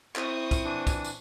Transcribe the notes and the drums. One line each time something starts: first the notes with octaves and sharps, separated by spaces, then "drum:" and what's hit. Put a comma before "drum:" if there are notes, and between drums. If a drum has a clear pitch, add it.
C4 E4 C#6 D#6, drum: clap
drum: kick, tambourine
E3 D4
drum: kick, tambourine
drum: tambourine